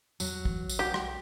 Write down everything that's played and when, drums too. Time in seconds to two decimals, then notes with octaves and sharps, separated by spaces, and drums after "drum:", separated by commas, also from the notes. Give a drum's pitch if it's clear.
0.20 E2 F#3, drum: tambourine
0.45 E3, drum: kick
0.69 drum: tambourine
0.79 B1 F#4 G4
0.94 drum: rim click